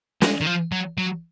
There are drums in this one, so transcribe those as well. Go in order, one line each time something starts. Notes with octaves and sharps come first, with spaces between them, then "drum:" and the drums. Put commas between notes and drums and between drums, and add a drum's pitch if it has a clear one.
G#3, drum: snare
D#3
F3
F#3
F#3